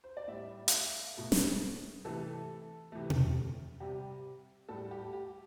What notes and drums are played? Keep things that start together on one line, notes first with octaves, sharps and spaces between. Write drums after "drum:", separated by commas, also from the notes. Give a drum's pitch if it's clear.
C5
D5
A2 G3 E5
F5, drum: hi-hat
E5
B2 A3
drum: snare
C3 E3 A3 A4
C3 E3 A3
drum: tom B2
C3 G3 G4
A2 G3 A4
G4
G4